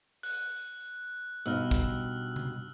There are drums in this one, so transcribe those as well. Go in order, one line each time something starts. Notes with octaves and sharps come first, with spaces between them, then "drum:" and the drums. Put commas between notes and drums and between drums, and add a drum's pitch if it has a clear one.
F#6, drum: open hi-hat
G2 B2 D#4 E6 F6, drum: hi-hat
drum: kick
drum: tom C3